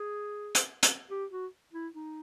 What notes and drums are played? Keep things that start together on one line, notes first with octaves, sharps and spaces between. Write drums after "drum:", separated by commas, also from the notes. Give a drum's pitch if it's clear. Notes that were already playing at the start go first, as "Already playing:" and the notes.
Already playing: G#4
drum: hi-hat
drum: hi-hat
G4
F#4
E4
D#4